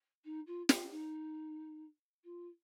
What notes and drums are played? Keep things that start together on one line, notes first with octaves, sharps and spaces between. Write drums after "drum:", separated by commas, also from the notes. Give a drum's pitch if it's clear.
D#4
F4
F4, drum: snare
D#4
F4